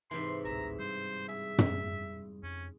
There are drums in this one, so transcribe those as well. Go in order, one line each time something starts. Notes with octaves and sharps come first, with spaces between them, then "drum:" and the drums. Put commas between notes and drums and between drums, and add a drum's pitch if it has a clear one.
G#2 C3 E3 C6
A1 D2 E5 A#5
G3 D4 C5
G#4 E5
drum: tom
F2 C#4